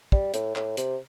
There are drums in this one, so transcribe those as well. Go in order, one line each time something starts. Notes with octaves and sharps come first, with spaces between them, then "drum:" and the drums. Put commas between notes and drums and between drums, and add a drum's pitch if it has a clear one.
G3, drum: kick
A2, drum: hi-hat
A2, drum: clap
C3, drum: hi-hat